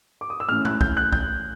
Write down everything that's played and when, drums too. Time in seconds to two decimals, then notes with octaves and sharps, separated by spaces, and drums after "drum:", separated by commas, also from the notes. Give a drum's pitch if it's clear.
0.21 D6
0.30 D#6
0.40 E6
0.49 A2 E3 A3 C#4 F6
0.65 F#6, drum: tom
0.81 G6, drum: kick
0.97 F#6
1.12 G6, drum: kick